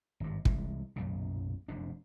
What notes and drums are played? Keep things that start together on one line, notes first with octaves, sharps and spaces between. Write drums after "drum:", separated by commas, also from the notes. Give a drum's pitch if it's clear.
G#1 G2
C2 E3 G#3, drum: kick
B1 F#2 A#2 C#3
F1 F#2 C3 D4